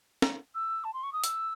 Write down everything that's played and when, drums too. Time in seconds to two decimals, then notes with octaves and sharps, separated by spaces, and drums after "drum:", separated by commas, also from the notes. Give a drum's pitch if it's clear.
0.22 drum: snare
0.55 E6
0.84 A5
0.94 C6
1.03 C#6
1.13 D#6
1.24 E6, drum: hi-hat